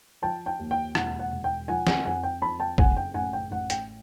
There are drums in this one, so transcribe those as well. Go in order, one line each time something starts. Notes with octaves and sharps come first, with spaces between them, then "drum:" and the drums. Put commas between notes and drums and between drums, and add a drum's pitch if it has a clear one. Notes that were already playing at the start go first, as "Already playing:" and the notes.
F3 G5 A5
G5 A5
D#2
G5
E1 F#5, drum: rim click
F#5
E1
G5
F3 F#5 G#5
F#5 G#5, drum: snare
F2 F#5 G#5
G5
F2 A5 B5
G5 A5
F#1 F#5 G#5, drum: kick
G5
A1 F#5 G#5
G5
A1 F#5
G5, drum: hi-hat